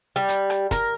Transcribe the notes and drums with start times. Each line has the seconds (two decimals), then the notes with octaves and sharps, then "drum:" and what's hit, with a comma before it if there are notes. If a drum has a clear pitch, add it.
0.16 G3
0.28 drum: hi-hat
0.50 drum: rim click
0.71 A#4, drum: kick, hi-hat